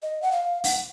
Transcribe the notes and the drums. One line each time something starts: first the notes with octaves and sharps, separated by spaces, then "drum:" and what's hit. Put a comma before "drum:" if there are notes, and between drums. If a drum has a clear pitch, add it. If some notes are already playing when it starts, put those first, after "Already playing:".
D#5
F#5
F5
F#5, drum: open hi-hat